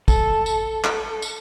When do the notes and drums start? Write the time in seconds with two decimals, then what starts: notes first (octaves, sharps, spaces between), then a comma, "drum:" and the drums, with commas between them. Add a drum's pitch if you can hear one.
0.08 A4, drum: kick, tambourine
0.46 drum: tambourine
0.84 drum: clap
1.22 drum: tambourine